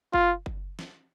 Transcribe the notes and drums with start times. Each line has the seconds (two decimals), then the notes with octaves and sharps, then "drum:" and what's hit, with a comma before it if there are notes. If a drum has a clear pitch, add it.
0.13 F4, drum: kick F#1
0.46 drum: kick F#1
0.79 drum: snare